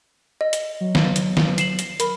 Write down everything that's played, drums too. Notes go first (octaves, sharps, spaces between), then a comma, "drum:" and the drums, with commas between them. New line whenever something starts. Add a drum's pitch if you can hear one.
D#5
drum: hi-hat
F#3
drum: snare
drum: hi-hat
drum: snare
C7 E7 F#7, drum: hi-hat
drum: hi-hat
A#4 B5, drum: hi-hat